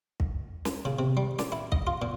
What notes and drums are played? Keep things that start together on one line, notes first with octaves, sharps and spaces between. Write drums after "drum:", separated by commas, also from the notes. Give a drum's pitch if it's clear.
drum: kick
drum: snare
C#3
C3
G3
D5, drum: snare
E4
D#5, drum: kick
F4
A#2